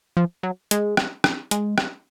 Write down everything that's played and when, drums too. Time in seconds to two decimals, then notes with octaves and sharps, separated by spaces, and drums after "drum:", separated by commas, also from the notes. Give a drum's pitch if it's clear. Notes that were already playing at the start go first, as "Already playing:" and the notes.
0.17 F3
0.43 F#3
0.71 G#3, drum: hi-hat
0.97 drum: rim click
1.24 drum: rim click
1.51 G#3, drum: hi-hat
1.78 drum: rim click